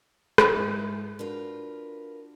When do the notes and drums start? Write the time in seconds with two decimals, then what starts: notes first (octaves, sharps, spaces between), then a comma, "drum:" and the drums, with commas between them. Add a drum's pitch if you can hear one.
0.38 drum: rim click
0.54 G#2 G#3 E4
1.19 D4 F4 F#4 A#4 B4